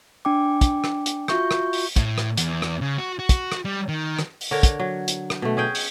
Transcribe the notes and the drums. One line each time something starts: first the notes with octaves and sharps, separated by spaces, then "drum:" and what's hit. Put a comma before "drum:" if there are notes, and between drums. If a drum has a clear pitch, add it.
D4 G5 D6
drum: kick, hi-hat
drum: rim click
drum: hi-hat
F4 F#4 E5 C#6 G6, drum: rim click
drum: rim click
drum: open hi-hat
A2, drum: kick, hi-hat
drum: rim click
E2, drum: hi-hat
drum: rim click
C#3
F#4
F#4
drum: kick, hi-hat
drum: rim click
G3
D#3
drum: rim click
drum: open hi-hat
D3 A#4 C#5
drum: kick, hi-hat
F#3
drum: hi-hat
drum: rim click
B2 A3
C#4 G#4 G5
drum: open hi-hat